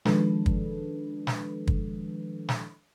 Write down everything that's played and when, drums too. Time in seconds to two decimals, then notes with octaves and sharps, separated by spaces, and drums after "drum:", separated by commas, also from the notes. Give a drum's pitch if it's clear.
0.05 D#3 F3 G#3 D4 A4 B4, drum: snare
0.46 drum: kick
1.27 drum: snare
1.67 drum: kick
2.49 drum: snare